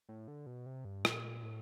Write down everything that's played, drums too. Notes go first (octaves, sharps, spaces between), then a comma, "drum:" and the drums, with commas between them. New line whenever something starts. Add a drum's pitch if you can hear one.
A2
D3
B2
C3
G2
A#2, drum: rim click
A2